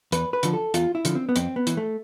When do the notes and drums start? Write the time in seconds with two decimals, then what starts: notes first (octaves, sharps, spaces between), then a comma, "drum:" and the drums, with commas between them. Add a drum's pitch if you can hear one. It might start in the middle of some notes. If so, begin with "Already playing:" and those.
0.12 E2 B4, drum: hi-hat
0.33 B4
0.43 D3 F3, drum: hi-hat
0.53 A4
0.74 E2 F4, drum: hi-hat
0.95 E4
1.05 D3 F3, drum: hi-hat
1.15 C4
1.29 B3
1.36 F2 C4, drum: hi-hat
1.56 B3
1.67 E3, drum: hi-hat
1.77 A3